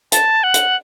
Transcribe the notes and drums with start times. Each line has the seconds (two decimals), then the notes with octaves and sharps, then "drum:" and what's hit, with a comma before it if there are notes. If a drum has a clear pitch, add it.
0.12 A5, drum: hi-hat
0.43 F#5
0.54 drum: hi-hat